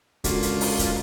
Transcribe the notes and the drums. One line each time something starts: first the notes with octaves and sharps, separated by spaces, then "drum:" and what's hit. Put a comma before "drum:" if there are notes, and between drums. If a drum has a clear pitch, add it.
C#2 D3 A#3 F4 F#4, drum: kick, hi-hat
drum: hi-hat
drum: open hi-hat
drum: kick, hi-hat